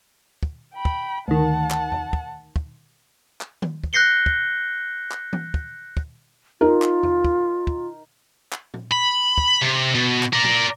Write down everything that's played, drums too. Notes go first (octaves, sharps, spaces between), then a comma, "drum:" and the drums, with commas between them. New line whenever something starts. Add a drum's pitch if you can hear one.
drum: kick
G5 B5
drum: kick
D2 D#3 F#5 A5
drum: clap
drum: tom E2
drum: kick
drum: kick
drum: clap
drum: tom D#3
drum: kick
F#6 G6 A#6 C7 C#7 G7
drum: kick
drum: clap
drum: tom E3
drum: kick
drum: kick
D#4 F4 A#4
drum: clap
drum: tom E2
drum: kick
drum: kick
drum: clap
drum: tom A#2
B5
drum: kick
C3
B2
drum: clap
A#4 D5
drum: tom A#2